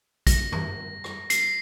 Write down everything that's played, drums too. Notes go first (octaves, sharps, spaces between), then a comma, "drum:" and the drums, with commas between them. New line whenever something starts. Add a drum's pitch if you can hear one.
A#6, drum: kick, hi-hat
drum: tom G2
drum: rim click
C7, drum: hi-hat